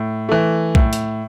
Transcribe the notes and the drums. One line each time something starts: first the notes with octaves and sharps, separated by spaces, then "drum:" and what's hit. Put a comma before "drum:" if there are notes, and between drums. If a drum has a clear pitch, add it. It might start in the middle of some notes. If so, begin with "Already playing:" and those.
Already playing: A2
E3 A3
A2, drum: kick B1
drum: hi-hat